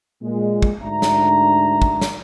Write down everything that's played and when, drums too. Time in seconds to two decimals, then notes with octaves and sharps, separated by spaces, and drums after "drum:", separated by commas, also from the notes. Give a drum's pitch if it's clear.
0.22 A#2 G#3
0.62 drum: kick
0.82 D2 G#2 D4 E5 A#5
1.02 drum: snare
1.82 drum: kick
2.01 drum: snare